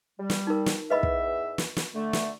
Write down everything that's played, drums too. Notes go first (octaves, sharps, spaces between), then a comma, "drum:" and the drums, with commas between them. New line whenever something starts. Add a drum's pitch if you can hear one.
G3
drum: snare
D#4 A#4
drum: snare
E2 B4 D#5 E5 B5
drum: kick
drum: snare
drum: snare
D3 A3
drum: snare